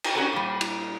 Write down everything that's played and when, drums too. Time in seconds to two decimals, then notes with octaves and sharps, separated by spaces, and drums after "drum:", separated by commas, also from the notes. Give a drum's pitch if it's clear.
0.04 drum: cymbal
0.15 C#4 D4 F#4 G4 A4 A#4
0.33 A#2 G3
0.61 drum: cymbal